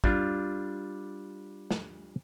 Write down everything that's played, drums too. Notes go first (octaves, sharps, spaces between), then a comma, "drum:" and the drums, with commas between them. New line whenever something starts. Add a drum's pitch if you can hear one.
G3 D4 F4, drum: kick
drum: snare